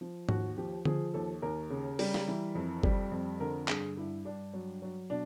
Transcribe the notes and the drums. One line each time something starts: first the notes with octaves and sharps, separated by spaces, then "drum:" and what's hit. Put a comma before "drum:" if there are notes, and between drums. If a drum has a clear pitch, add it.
F3
D#2 F#4, drum: tom G#2
F3 G4
F3 G#4, drum: tom D3
D#2 A4
D#2 A#4
C#3
G3, drum: open hi-hat
drum: snare
E3
F2
G3, drum: kick
F2
D3 A#4
G2 G#4, drum: clap
G2 E4
G2 D4
F#3
F#3
B2 D4